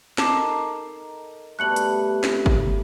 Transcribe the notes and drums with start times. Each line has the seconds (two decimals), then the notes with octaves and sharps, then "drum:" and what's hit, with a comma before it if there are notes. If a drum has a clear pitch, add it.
0.18 D#4 A4 A#4 A5 D6 C7, drum: snare
1.59 B2 G3 A3 F#6 C#7 F#7
1.76 drum: hi-hat
2.24 drum: snare
2.46 drum: kick G1